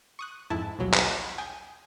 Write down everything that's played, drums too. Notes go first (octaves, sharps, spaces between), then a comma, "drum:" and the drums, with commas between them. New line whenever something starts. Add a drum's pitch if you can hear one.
C#6 D#6 F#6
F2 G#2 E4 A5
A#1 D#2 B2 F#3
drum: clap
G5 G#5 D#6